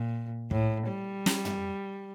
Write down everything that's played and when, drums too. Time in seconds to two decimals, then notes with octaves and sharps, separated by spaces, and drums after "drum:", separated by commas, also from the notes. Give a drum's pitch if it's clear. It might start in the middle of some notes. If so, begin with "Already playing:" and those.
Already playing: A#2
0.51 A2, drum: kick
0.88 G3
1.26 drum: snare
1.45 drum: tom